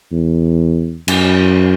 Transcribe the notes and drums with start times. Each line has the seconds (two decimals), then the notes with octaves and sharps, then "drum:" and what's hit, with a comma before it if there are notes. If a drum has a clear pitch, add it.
0.12 E2
1.08 F#2, drum: cymbal